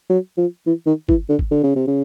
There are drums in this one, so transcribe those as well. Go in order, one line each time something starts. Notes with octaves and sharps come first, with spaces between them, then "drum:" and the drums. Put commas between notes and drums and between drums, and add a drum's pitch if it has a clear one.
F#3
F3
E3
D#3
E3, drum: kick G1
D3
drum: kick G1
D3
C#3
C3
C#3